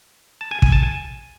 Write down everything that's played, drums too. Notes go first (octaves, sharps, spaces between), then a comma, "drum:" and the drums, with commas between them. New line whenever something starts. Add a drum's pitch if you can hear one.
A5
G#5
G#5, drum: kick
A5
G#5